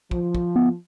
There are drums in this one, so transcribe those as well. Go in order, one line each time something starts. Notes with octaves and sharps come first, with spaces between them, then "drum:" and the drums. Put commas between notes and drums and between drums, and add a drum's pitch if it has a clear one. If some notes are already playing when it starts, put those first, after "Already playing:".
F3, drum: kick
drum: kick
B3